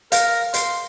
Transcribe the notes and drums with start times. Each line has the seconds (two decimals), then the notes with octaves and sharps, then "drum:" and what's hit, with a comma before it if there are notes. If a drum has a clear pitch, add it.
0.12 A#4 F5, drum: hi-hat
0.54 C6, drum: hi-hat